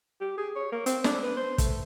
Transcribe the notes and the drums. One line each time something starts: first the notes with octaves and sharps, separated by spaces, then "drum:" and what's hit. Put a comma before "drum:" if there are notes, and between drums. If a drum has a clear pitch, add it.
G4
G#4
C#5
A#3
C4, drum: hi-hat
D4, drum: snare
B4
C5
A3, drum: kick, hi-hat